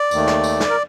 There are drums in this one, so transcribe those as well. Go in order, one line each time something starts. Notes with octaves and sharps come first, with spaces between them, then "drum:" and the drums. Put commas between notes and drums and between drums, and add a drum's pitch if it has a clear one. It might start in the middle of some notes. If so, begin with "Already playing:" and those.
Already playing: D5
D#2 D#3 A3, drum: tambourine
drum: snare
drum: tambourine
drum: snare
A#4